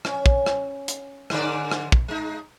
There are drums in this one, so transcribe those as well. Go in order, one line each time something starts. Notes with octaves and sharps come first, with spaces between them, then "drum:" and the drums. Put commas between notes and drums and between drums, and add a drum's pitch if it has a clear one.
C#4, drum: rim click
drum: kick
drum: rim click
drum: hi-hat
G#2 D3 D5, drum: rim click
drum: rim click
drum: kick
G#3 D#4